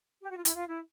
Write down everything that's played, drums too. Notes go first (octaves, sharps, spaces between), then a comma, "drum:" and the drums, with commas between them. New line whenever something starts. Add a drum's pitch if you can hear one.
G4
F#4
F4
E4, drum: hi-hat
F4
E4